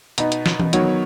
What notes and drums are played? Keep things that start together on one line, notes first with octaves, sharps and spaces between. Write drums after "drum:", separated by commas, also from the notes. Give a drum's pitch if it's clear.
B2 B3 D#4, drum: hi-hat
drum: hi-hat
drum: snare
drum: tom E3
D#3 F#3 B3 F#4 C#5, drum: hi-hat